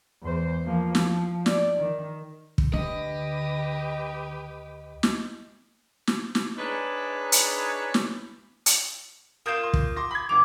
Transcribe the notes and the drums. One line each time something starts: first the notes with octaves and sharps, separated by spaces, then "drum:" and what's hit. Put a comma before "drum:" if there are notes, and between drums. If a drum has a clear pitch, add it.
E2 C5
F3 A#3
F3, drum: snare
D5, drum: snare
D#3
drum: kick
D2 D3 G4 B4 D#5
drum: snare
drum: snare
drum: snare
D4 D#4 G#4 B4 C#5
drum: hi-hat
drum: snare
drum: hi-hat
A#3 F4 D#6 G6 E7
C6
drum: kick
C6 D6 A#6
B5 G#6
G1 D6 F7